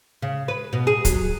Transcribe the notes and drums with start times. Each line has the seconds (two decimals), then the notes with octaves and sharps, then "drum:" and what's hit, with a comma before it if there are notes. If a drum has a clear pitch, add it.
0.22 C#3
0.48 B4
0.73 B2
0.87 G#4
1.05 F#3, drum: kick, hi-hat